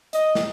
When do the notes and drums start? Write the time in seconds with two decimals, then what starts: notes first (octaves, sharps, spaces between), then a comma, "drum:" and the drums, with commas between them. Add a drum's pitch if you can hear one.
0.13 D#5, drum: hi-hat
0.35 drum: snare